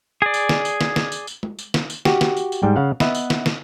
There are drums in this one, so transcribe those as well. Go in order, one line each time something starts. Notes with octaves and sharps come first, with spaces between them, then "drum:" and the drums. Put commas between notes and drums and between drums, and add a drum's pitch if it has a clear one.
G#4 D5
drum: tambourine
drum: snare
drum: tambourine
drum: snare
drum: snare
drum: tambourine
drum: tambourine
drum: tom G#3
drum: tambourine
drum: snare
drum: tambourine
F#4 G4, drum: snare
drum: snare
drum: tambourine
drum: tambourine
G#2 G3 G5
C#3 F5 F#5
B3 B4 D#5 E5 F#5, drum: snare
drum: tambourine
drum: snare
drum: snare